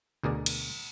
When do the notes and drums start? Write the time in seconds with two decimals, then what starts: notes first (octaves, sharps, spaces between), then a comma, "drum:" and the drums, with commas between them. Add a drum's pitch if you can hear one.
0.24 D2 B2 G#4 A#4 D5
0.46 drum: cymbal